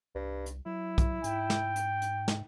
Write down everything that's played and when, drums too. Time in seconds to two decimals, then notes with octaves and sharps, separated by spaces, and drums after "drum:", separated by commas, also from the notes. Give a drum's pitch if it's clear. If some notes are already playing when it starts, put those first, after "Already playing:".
0.15 C2 G2
0.46 drum: hi-hat
0.66 F#3 E4
0.98 drum: kick, hi-hat
1.24 G#2 G5, drum: hi-hat
1.50 drum: snare
1.76 drum: hi-hat
2.02 drum: hi-hat
2.28 drum: snare